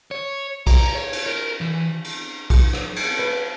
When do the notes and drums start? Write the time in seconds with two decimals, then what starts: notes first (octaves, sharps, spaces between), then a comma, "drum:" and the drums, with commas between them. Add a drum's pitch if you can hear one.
0.11 C#5
0.67 A#5, drum: kick B1, cymbal
0.95 C#5
1.13 drum: cymbal
1.26 A#4
1.61 E3
2.04 drum: cymbal
2.50 drum: kick B1, cymbal
2.73 drum: rim click
2.96 drum: cymbal
3.19 B4